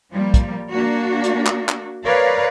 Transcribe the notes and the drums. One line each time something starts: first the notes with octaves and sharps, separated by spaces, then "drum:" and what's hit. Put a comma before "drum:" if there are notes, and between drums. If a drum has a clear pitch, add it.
F3 G3 A#3
drum: kick, hi-hat
A#3 D4 F#4
drum: hi-hat
drum: clap
drum: clap
A#4 B4 C#5 D5 F5